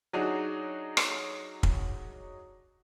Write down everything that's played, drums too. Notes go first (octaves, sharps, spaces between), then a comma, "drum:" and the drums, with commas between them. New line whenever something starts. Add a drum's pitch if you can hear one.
F#3 D4 D#4 F#4 G#4
drum: rim click
drum: kick